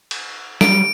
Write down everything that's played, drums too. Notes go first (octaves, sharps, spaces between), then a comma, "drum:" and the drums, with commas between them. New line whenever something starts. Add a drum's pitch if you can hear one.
drum: cymbal
F#3 G3 D7, drum: snare G3